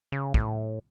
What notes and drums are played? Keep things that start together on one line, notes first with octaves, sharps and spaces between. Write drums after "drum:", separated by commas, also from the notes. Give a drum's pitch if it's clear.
C#3
A2, drum: kick